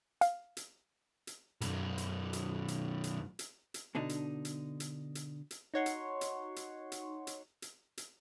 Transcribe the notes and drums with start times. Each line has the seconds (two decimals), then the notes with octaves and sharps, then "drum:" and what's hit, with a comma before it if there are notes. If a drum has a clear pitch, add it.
0.21 F5, drum: hi-hat
0.57 drum: hi-hat
1.27 drum: hi-hat
1.61 B1 F#2, drum: hi-hat
1.98 drum: hi-hat
2.33 drum: hi-hat
2.68 drum: hi-hat
3.04 drum: hi-hat
3.39 drum: hi-hat
3.74 drum: hi-hat
3.95 B2 D3 D4 D#4
4.09 drum: hi-hat
4.45 drum: hi-hat
4.80 drum: hi-hat
5.15 drum: hi-hat
5.51 drum: hi-hat
5.74 D#4 F#4 C#5 F#5 C6 C#6
5.86 drum: hi-hat
6.21 drum: hi-hat
6.56 drum: hi-hat
6.92 drum: hi-hat
7.27 drum: hi-hat
7.62 drum: hi-hat
7.97 drum: hi-hat